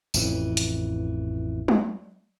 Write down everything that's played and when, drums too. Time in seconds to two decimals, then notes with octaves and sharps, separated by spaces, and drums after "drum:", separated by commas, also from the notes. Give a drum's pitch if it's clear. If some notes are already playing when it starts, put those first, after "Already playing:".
0.14 A1 F2 E3, drum: tambourine
0.57 drum: hi-hat
1.68 drum: tom